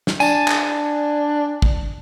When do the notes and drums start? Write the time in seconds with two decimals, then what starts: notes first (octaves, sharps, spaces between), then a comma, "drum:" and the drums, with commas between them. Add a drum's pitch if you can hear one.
0.07 drum: snare
0.20 D4 G#5 A5, drum: tambourine
0.48 drum: clap
1.62 drum: kick